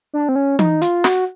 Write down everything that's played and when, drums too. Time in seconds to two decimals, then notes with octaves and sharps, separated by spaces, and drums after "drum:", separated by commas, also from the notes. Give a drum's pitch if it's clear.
0.13 D4
0.29 C4
0.36 C#4
0.59 D#4, drum: tom
0.82 F4, drum: hi-hat
1.04 F#4, drum: snare